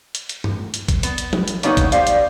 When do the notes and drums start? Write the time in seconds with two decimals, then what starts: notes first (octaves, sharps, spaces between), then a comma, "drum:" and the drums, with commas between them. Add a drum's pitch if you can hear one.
0.15 drum: hi-hat
0.29 drum: hi-hat
0.44 drum: tom G2
0.74 drum: hi-hat
0.88 drum: kick A1, hi-hat
1.03 B3, drum: hi-hat
1.18 drum: hi-hat
1.33 drum: tom
1.48 drum: hi-hat
1.63 A#3 B3 D4 D#4 C#5 F#5, drum: hi-hat
1.77 drum: kick A1, hi-hat
1.92 G3 C5 D5 F5, drum: hi-hat
2.07 drum: hi-hat